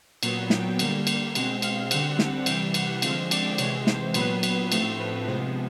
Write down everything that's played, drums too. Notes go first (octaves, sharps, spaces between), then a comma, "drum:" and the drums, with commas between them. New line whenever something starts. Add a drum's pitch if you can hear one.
A#2 F#3 B3, drum: cymbal
G5, drum: snare
D3 G3 A#3, drum: cymbal
drum: cymbal
B2 G#3 C4 F#5, drum: cymbal
F5, drum: cymbal
D3 G3 C4 F#5, drum: cymbal
drum: snare
C3 E3 G3 G5, drum: cymbal
F#5, drum: cymbal
D3 F3 G#3 C4 F5, drum: cymbal
D5, drum: cymbal
C3 E3 G#3 C#5, drum: cymbal
C5, drum: snare
A#2 F#3 B3 B4, drum: cymbal
drum: cymbal
A2 F3 A3 C4, drum: cymbal
B4
C3 F3 G#3 B3 C5